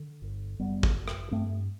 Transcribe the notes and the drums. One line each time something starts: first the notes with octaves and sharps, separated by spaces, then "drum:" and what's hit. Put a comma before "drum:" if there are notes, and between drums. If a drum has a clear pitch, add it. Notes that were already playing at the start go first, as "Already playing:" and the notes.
Already playing: D3
G1
F#1 G3 B3
drum: kick
F#1
drum: rim click
G2 A3 C4